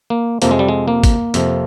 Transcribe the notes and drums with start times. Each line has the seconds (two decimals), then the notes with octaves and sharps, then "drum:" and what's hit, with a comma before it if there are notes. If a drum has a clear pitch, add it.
0.10 A#3
0.42 F2 C3 F3 A#3, drum: hi-hat
0.51 G#3
0.59 G3
0.69 G#3
0.88 A#3
1.04 drum: kick G#1, hi-hat
1.34 F2 C3 F3, drum: hi-hat